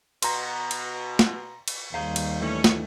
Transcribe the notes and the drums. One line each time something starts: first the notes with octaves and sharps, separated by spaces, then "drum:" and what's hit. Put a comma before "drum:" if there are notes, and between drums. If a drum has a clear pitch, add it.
B2 A#5 C6, drum: cymbal
drum: cymbal
drum: snare
drum: cymbal
D#2 G3 G#4 C5 F5 A#5
drum: cymbal
G2 E3 A3 C#4
drum: snare